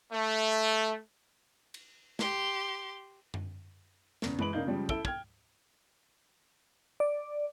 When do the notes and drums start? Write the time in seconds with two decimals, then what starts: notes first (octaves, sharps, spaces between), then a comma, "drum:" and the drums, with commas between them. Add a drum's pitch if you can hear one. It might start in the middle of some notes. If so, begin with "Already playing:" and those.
0.12 A3
1.74 drum: cymbal
2.19 G4 C6, drum: snare
3.34 drum: tom F#2
4.22 E2 C#3, drum: snare
4.39 E3 G#3 B4 D7 F#7, drum: tom F#2
4.53 C#3 A#3 D4 D#4 F5 G6
4.66 C#3 F3 G3 G#3
4.89 E4 A4 E6 D7 G7, drum: kick
5.05 G5 F6 G#6, drum: kick
7.00 D5